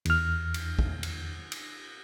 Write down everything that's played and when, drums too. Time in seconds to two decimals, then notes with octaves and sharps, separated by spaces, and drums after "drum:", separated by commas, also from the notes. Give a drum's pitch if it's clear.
0.05 E2 F6, drum: cymbal
0.54 drum: cymbal
0.79 drum: kick
1.03 drum: cymbal
1.52 drum: cymbal